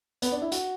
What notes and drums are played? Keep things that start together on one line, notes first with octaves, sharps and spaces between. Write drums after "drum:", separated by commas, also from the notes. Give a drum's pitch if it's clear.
B3, drum: hi-hat
D4
E4
F#4, drum: hi-hat